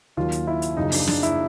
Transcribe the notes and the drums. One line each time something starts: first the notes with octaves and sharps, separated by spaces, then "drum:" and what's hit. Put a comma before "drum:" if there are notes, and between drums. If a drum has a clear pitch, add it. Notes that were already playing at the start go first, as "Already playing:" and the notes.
D#2 D#3 F#3 F4
drum: hi-hat
E4
drum: hi-hat
F#2 C#3 F3 D#4
D4, drum: open hi-hat
D4, drum: snare
E4, drum: hi-hat